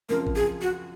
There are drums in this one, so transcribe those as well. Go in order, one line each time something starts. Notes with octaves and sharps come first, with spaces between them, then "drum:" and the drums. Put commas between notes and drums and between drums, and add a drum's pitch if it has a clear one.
F#2 C#3 F3 C4 A#4
drum: kick
G#4
F#4